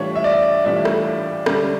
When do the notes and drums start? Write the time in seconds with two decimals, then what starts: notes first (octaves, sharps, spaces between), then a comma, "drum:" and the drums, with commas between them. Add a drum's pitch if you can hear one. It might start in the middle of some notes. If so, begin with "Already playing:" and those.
Already playing: A2 E3 G3 D4 F4 C#5
0.15 E5
0.24 D5
0.65 A2 E3 G3 D4 F4 E5
0.85 drum: rim click
1.46 D3 G3 C#4, drum: rim click